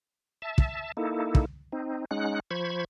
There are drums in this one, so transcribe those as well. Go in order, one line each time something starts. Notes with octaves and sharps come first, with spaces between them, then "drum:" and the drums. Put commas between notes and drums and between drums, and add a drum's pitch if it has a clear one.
E5 A5
drum: kick
A#3 D#4 E4 A4
drum: kick
C4 D#4
G#3 C#4 D#4 F#5 F#6
F3 C5 B5 C#6 G#6